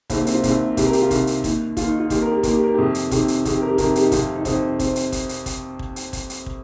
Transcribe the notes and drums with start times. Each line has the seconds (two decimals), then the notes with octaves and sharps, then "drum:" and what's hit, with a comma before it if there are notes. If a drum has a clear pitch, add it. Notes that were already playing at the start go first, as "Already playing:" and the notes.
0.10 C2 C3 D#3 C4, drum: kick, hi-hat
0.19 A#3
0.27 C4, drum: hi-hat
0.35 F4
0.44 C2 C3 D#3, drum: kick, hi-hat
0.77 C2 C3 D#3 G4, drum: kick, hi-hat
0.86 A#4
0.93 G4, drum: hi-hat
1.02 F4
1.11 C2 C3 D#3, drum: kick, hi-hat
1.27 drum: hi-hat
1.44 D#2 D#3, drum: kick, hi-hat
1.77 D#2 D#3 F4, drum: kick, hi-hat
1.88 D#4
1.99 F4
2.10 D#2 D#3 G4, drum: kick, hi-hat
2.22 A#4
2.31 G4
2.43 D#2 D#3 A#4, drum: kick, hi-hat
2.53 G4
2.64 A#4
2.74 F2 C3 D#3 G4
2.95 drum: hi-hat
3.11 F2 C3 D#3, drum: kick, hi-hat
3.28 drum: hi-hat
3.45 F2 C3 D#3, drum: kick, hi-hat
3.53 G4
3.62 A#4
3.69 G4
3.78 F2 C3 D#3 A#4, drum: kick, hi-hat
3.95 G4, drum: hi-hat
4.05 D#4
4.12 F2 C3 D#3 F4, drum: kick, hi-hat
4.35 D#4
4.45 F2 C3 D#3 C4, drum: kick, hi-hat
4.79 C3 C4, drum: kick, hi-hat
4.96 drum: hi-hat
5.12 drum: kick, hi-hat
5.29 drum: hi-hat
5.46 drum: kick, hi-hat
5.79 drum: kick
5.96 drum: hi-hat
6.13 drum: kick, hi-hat
6.30 drum: hi-hat
6.46 drum: kick